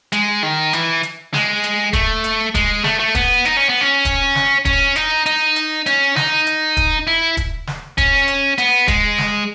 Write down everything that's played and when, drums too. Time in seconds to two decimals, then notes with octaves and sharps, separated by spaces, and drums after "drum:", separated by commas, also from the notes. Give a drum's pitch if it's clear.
0.12 G#3, drum: hi-hat
0.43 D#3
0.73 E3, drum: hi-hat
1.03 drum: hi-hat
1.34 G#3, drum: snare
1.64 drum: hi-hat
1.93 A3, drum: kick, hi-hat
2.24 drum: hi-hat
2.55 G#3, drum: kick, hi-hat
2.84 A3, drum: snare
2.99 A3
3.15 B3, drum: kick, hi-hat
3.45 D#4, drum: hi-hat
3.57 C#4
3.69 B3
3.81 C#4
4.05 drum: kick, hi-hat
4.35 drum: snare
4.65 C#4, drum: kick, hi-hat
4.96 D#4, drum: hi-hat
5.26 D#4, drum: hi-hat
5.56 drum: hi-hat
5.86 C#4, drum: hi-hat
6.16 D#4, drum: snare
6.47 drum: hi-hat
6.77 drum: kick, hi-hat
7.07 E4
7.37 drum: kick, hi-hat
7.67 drum: snare
7.98 C#4, drum: kick, hi-hat
8.28 drum: hi-hat
8.58 B3, drum: hi-hat
8.88 G#3, drum: kick, hi-hat
9.18 drum: snare